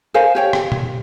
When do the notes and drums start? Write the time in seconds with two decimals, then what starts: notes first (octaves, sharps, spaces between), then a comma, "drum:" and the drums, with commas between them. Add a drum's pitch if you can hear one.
0.14 A#4 C5 F5 G#5
0.35 G4 C#5 G5
0.53 drum: rim click
0.72 drum: tom A#2